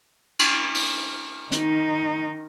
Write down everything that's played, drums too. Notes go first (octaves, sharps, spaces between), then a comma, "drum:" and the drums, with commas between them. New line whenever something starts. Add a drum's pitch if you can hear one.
drum: cymbal
drum: open hi-hat
D#3 D#4, drum: hi-hat